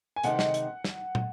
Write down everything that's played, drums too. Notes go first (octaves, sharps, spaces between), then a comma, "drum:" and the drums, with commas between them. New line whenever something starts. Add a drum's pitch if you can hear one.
G#5
C3 D#3 G#3 D#4 A4 F#5, drum: hi-hat
drum: snare
drum: hi-hat
drum: snare
drum: tom